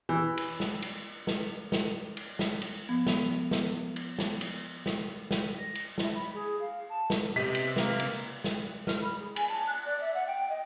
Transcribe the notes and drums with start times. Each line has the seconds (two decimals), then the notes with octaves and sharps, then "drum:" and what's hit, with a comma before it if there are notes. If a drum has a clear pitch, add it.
0.09 E3
0.38 drum: cymbal
0.60 drum: snare
0.82 drum: cymbal
1.27 drum: snare
1.72 drum: snare
2.17 drum: cymbal
2.39 drum: snare
2.62 drum: cymbal
2.89 F3 B3
3.06 drum: snare
3.51 drum: snare
3.96 drum: cymbal
4.19 drum: snare
4.41 drum: cymbal
4.86 drum: snare
5.31 drum: snare
5.59 A#6
5.75 drum: cymbal
5.98 E4, drum: snare
6.15 B5
6.35 G#4
6.60 F5
6.89 A5
7.10 drum: snare
7.36 C3 B3 G4 D#5 B6
7.55 drum: cymbal
7.76 A#3 B4, drum: snare
8.00 drum: cymbal
8.44 drum: snare
8.87 F6, drum: snare
9.01 B5
9.20 G#4
9.36 G#5, drum: cymbal
9.49 A5
9.67 F#6
9.85 D5
10.01 E5
10.14 F#5
10.27 G5
10.49 D#5